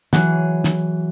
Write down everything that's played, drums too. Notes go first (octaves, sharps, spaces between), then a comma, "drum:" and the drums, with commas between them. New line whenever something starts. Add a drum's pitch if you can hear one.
E3 F#3 G#4 F#5, drum: snare
drum: snare